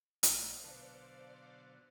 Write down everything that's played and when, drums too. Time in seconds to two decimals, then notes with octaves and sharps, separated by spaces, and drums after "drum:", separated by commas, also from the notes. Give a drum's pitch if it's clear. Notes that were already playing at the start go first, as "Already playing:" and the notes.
0.23 A#1 A#2 C5 D5 F5, drum: hi-hat
0.64 B2 D3 F#3 B4 A5